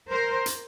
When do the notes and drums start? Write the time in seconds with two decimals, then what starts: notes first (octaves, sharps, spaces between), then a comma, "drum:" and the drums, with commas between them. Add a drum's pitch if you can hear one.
0.10 A#4 C5
0.46 drum: hi-hat